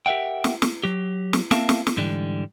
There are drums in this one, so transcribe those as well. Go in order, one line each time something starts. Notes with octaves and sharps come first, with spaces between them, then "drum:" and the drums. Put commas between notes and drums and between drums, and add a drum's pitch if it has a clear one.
G4 A#4 E5 F#5 G5
drum: snare
drum: snare
F#3 G4
drum: snare
A#3 C4 A#4 E5 F5 A5, drum: snare
drum: snare
drum: snare
G#2 D3 E3 G3